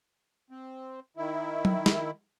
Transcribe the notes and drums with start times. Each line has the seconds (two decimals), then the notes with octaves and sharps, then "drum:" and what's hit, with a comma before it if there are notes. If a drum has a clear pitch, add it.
0.50 C4
1.17 D#3 E4
1.65 drum: tom F#3
1.86 drum: snare